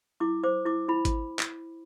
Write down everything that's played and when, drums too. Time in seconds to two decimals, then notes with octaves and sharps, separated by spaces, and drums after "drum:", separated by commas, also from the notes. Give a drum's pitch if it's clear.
0.20 E4 D6
0.43 C5 D6
0.65 E4 D6
0.88 E4 B5
1.05 drum: kick G#1, hi-hat
1.39 drum: clap